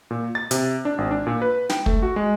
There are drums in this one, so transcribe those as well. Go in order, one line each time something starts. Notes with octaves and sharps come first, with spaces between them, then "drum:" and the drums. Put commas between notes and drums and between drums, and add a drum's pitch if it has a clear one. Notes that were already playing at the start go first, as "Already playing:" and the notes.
A#2
A6
C3, drum: hi-hat
D4
G#1
D4
A#2
B4
G5, drum: snare
A3, drum: kick
F#4
G#3